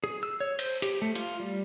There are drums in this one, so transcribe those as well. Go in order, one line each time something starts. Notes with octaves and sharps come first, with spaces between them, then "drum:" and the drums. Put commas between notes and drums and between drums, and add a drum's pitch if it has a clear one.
G#4
E6
C#5
C5, drum: cymbal
G4, drum: hi-hat
A3
F4, drum: hi-hat
G3